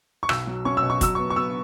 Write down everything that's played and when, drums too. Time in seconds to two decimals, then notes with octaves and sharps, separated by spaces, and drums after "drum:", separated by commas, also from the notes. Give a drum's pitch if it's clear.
0.23 C#6
0.29 B1 E6, drum: rim click
0.47 F#3
0.65 C#4 C#6
0.77 E6
0.82 B2
0.90 C#6
1.01 F#3 E6, drum: kick, hi-hat
1.15 B3 C#6
1.30 C#6
1.36 B3 E6